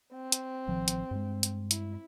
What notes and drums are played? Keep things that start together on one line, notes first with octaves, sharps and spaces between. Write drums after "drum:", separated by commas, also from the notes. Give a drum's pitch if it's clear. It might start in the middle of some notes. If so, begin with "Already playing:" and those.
C4
drum: hi-hat
A1 D#3 F3
drum: hi-hat
G2 G#3
drum: hi-hat
E4, drum: hi-hat